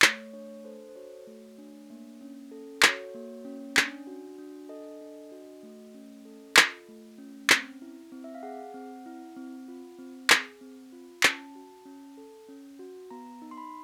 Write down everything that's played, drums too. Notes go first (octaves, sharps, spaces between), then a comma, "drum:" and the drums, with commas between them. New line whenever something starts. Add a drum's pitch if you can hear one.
A3 C#5, drum: clap
D4 C#5
A4 C5
C5
F#4 C#5
A3
D4
A#3
C#4
A4
F#4 C#5, drum: clap
A#3
C#4
D4, drum: clap
F#4
D4
A4 D#5
D4
F#4
A3
C#4
A4
F4, drum: clap
A3
C#4
C4, drum: clap
E4
C4
E5
F5
G#4 F#5
C4
E4
C4
F4
C4
G#4, drum: clap
C4
F4
C#4 A5, drum: clap
F#4
C#4
A4
C#4
F#4
B3 A#5
D#4
C6
B5